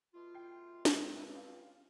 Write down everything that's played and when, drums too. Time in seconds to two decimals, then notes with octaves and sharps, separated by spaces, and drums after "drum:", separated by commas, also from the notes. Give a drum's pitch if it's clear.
0.14 B2 A3 F4
0.35 G5 C7
0.85 C#2 G2 C4 E5, drum: snare
1.32 C#4 F4